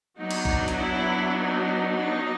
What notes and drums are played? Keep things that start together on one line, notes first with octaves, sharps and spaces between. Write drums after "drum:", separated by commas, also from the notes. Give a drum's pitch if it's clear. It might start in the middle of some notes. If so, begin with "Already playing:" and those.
F#3 B3 D4 D#4
drum: cymbal
drum: kick A#1
drum: hi-hat
E4
D#4
D#4